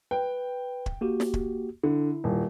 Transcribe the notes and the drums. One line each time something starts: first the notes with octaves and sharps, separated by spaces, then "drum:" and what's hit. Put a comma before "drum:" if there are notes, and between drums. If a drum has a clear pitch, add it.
B4 G5
drum: kick
A#3 F#4 G4
drum: snare
drum: kick
D3 E4
D#1